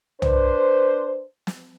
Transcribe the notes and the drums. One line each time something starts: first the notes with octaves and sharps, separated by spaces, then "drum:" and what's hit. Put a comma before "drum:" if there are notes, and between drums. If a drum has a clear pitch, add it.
D4 B4 C5, drum: tom
drum: snare